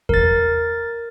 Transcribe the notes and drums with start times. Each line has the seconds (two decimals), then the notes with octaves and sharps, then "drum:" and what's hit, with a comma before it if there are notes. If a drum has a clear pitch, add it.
0.09 A#4 A6, drum: kick E2